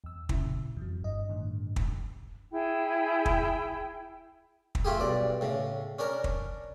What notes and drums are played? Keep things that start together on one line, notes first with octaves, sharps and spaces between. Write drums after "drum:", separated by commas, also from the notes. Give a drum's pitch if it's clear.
E2 E6
A#2 C#3 E4, drum: kick
F2 E3 F#3
G1 G2 D#5
A2 D3 D#3
drum: kick
E4 G#4 G5
drum: kick
drum: kick
A3 F4 G4 G#4
B1 G2 D5
A2 C#3
C#4 D4 A#4 A#5
drum: kick